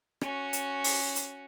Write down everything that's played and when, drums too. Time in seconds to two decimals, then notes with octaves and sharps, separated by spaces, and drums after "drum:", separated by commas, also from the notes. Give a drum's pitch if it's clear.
0.21 C#4 F#4, drum: rim click
0.53 drum: hi-hat
0.84 drum: open hi-hat
1.16 drum: hi-hat